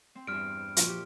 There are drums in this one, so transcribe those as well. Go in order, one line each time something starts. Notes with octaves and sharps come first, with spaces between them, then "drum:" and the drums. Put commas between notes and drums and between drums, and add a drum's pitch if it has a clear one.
C4
E2 G2 F6 D7
A#2 F3 F#4, drum: hi-hat
G4